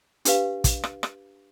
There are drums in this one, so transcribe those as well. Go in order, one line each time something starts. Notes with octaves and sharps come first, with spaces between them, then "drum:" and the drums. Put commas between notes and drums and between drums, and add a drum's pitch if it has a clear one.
D4 G4 B4 F5, drum: hi-hat
drum: kick, hi-hat
drum: rim click
drum: rim click